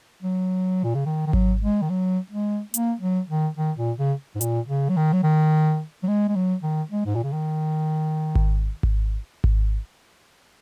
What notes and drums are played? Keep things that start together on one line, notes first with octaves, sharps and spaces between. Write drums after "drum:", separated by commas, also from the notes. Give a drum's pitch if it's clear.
F#3
A#2
C#3
D#3
D#3
F#3, drum: kick G#1
G#3
D#3
F#3
G#3
A#3, drum: hi-hat
F#3
D#3
D#3
A#2
C#3
G#2
A#2, drum: hi-hat
C#3
F#3
D#3
F#3
D#3
F#3
G#3
G#3
F#3
D#3
G#3
G#2
A#2
C#3
D#3
drum: kick G#1
drum: kick G#1
drum: kick G#1